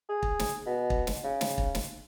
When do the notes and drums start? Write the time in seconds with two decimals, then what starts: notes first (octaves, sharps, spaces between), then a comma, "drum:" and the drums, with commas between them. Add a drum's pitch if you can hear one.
0.09 G#4
0.23 drum: kick
0.39 drum: snare
0.67 B2
0.90 drum: kick
1.07 drum: snare
1.24 C#3
1.41 drum: snare
1.58 drum: kick
1.75 drum: snare